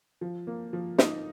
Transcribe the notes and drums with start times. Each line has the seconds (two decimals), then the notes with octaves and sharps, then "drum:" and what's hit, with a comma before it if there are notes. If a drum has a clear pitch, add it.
0.21 F3
0.47 A#3
0.73 F3
0.98 D#4, drum: snare